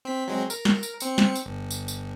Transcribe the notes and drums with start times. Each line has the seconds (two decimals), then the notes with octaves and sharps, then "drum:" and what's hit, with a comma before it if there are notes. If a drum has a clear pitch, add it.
0.05 C4 B6
0.28 F#3 G#3 C4
0.50 A#4, drum: tambourine
0.65 drum: snare
0.83 drum: tambourine
1.00 C4 C#7, drum: tambourine
1.18 drum: snare
1.35 drum: tambourine
1.46 G1
1.71 drum: tambourine
1.88 drum: tambourine